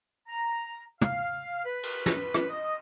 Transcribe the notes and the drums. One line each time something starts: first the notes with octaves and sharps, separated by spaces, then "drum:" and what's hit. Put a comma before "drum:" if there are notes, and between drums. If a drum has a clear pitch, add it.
A#5
F5, drum: tom
B4
drum: cymbal
drum: snare
drum: rim click
D#5